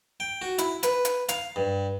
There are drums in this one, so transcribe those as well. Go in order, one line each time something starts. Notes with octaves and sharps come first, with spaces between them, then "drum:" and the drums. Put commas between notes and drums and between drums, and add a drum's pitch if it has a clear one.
G5
F#4
E4, drum: hi-hat
B4, drum: hi-hat
drum: hi-hat
F5, drum: hi-hat
G2